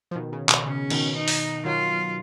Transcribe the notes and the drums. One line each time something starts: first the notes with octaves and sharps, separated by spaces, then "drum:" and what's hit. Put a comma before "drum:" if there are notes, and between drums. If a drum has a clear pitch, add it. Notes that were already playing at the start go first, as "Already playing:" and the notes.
F3
B2 D#3
C#3
B2, drum: clap
C#3 C#4
B2 D#3, drum: cymbal
D#4
drum: open hi-hat
D#3 F#3 F4